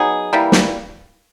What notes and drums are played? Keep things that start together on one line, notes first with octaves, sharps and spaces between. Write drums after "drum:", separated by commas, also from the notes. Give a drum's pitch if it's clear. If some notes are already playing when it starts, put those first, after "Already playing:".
Already playing: F#3 B3 D#4 G#4
E3 G3 A#3
drum: snare